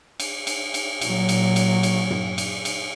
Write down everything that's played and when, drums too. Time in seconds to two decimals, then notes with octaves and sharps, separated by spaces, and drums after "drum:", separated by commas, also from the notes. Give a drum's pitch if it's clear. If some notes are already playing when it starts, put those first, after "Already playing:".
0.20 drum: cymbal
0.47 drum: cymbal
0.74 drum: cymbal
1.01 A#2 F#3, drum: cymbal
1.29 drum: cymbal
1.56 drum: cymbal
1.83 drum: cymbal
2.11 drum: tom G2
2.38 drum: cymbal
2.65 drum: cymbal